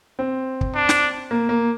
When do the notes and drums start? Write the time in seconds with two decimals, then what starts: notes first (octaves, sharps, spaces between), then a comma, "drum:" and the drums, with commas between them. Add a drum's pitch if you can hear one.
0.19 C4
0.61 drum: kick
0.75 D4
0.89 drum: snare
1.31 A#3
1.49 A#3